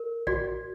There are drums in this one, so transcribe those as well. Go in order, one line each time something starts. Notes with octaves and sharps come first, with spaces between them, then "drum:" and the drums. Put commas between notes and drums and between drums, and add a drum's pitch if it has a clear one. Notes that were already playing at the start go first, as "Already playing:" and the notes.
Already playing: A#4
F#4 D5, drum: kick